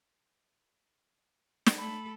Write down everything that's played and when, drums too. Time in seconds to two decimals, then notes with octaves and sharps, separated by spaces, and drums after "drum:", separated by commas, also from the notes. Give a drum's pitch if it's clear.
1.66 drum: snare
1.78 A3 A4 B5